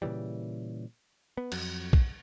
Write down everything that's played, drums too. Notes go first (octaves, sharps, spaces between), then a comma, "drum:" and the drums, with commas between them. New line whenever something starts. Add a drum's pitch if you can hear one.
A#2 C#3 E3 G3
B3
F2 F#3, drum: cymbal
drum: kick A#1